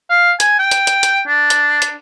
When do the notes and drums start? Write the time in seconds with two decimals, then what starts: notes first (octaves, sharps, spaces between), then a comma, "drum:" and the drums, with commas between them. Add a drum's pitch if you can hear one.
0.10 F5
0.40 G#5, drum: hi-hat
0.59 G5
0.71 drum: hi-hat
0.87 drum: hi-hat
1.03 drum: hi-hat
1.28 D4
1.50 drum: hi-hat
1.82 drum: hi-hat